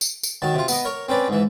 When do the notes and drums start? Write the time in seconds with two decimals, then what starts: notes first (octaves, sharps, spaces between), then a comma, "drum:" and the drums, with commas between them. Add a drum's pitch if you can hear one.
0.01 drum: tambourine
0.23 drum: tambourine
0.42 D#3 F#3 A5
0.54 C3 F4
0.68 B3 D#5, drum: tambourine
0.85 A#4 C#5 C#6
1.09 C4 C#4 B4 D5
1.28 G#2 E3